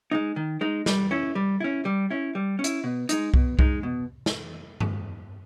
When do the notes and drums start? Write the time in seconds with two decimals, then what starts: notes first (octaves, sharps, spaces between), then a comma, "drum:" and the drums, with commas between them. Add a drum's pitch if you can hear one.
0.11 G#3 D#4
0.36 D#3
0.61 G#3 D#4
0.86 G3, drum: snare
1.11 C#4 E4
1.35 G3
1.60 C#4 E4
1.85 G3
2.10 C#4 E4
2.35 G3
2.59 C#4
2.64 E4, drum: hi-hat
2.84 B2
3.09 G#3 D#4, drum: hi-hat
3.34 B2, drum: kick C2
3.59 G#3 D#4, drum: kick C2
3.83 B2
4.26 drum: snare
4.80 drum: tom G2